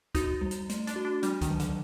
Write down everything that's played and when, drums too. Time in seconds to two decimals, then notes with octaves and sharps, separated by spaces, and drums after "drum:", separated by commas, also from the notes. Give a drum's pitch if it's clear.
0.15 D#4 F#4, drum: kick, hi-hat
0.41 G3
0.51 drum: hi-hat
0.69 A3, drum: hi-hat
0.87 D4, drum: hi-hat
0.96 F#4
1.05 D4
1.23 G3 D4, drum: hi-hat
1.41 D#3, drum: kick, hi-hat
1.50 F#3
1.60 D3, drum: hi-hat